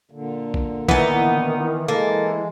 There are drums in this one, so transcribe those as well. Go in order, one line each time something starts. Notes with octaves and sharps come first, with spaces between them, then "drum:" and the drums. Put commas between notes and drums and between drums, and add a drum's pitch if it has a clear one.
A#2 D3
drum: kick
D#3 E3 B3 D#4, drum: kick
G#3 A#3 A4